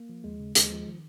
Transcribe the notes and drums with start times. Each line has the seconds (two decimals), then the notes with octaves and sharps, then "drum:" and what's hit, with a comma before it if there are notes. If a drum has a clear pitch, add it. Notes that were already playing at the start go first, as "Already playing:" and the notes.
Already playing: A#3
0.09 F3
0.24 D#2 G#3
0.40 C#3
0.55 D#2 G#3, drum: hi-hat
0.71 F3
0.86 D#3